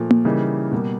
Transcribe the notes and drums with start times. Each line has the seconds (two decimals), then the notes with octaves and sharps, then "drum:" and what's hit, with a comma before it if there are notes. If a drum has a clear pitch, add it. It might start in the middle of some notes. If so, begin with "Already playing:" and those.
Already playing: A#2 F3 A3
0.11 drum: tom A#3
0.25 C#3 E3 G3 A#3 D#4
0.72 B2 G3 A#3